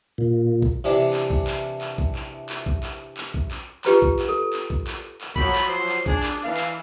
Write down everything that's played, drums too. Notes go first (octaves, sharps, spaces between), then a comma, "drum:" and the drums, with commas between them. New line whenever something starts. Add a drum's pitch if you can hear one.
A#2
drum: kick A#1
C3 E3 D4
drum: clap
drum: kick A#1
drum: clap
drum: clap
drum: kick A#1
drum: clap
drum: clap
drum: kick A#1
drum: clap
drum: clap
drum: kick A#1
drum: clap
F4 G4 B4 A#5, drum: clap
drum: kick A#1
drum: clap
A4
drum: clap
drum: kick A#1
drum: clap
drum: clap
F3 F#3 B5, drum: kick A#1
drum: clap
C5
drum: clap
D4 G#4, drum: kick A#1
drum: clap
E3 F5
drum: clap